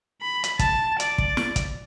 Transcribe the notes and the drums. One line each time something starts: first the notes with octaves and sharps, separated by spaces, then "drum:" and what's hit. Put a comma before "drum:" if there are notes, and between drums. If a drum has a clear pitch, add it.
B5
drum: hi-hat
A5, drum: kick, hi-hat
D5, drum: hi-hat
drum: kick
drum: snare
drum: kick, hi-hat